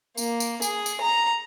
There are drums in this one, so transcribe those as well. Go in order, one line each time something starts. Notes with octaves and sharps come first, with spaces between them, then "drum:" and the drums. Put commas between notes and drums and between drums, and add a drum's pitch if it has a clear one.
A#3, drum: tambourine
drum: tambourine
G#4, drum: tambourine
drum: tambourine
A#5